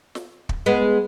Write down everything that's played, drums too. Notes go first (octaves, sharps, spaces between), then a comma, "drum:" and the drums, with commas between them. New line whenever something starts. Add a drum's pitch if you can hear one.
drum: snare
drum: kick
G#3 B3